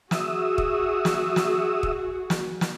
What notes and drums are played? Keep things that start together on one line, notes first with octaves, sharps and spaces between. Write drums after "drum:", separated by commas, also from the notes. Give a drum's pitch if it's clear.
F#4 G#4 E5 D#6 E6, drum: snare
drum: kick
drum: snare
drum: snare
drum: kick
drum: snare
drum: snare